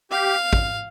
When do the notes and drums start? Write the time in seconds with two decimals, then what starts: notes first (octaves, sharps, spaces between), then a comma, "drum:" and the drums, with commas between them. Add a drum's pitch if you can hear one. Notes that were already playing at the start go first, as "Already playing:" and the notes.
0.11 G4 F5
0.53 drum: kick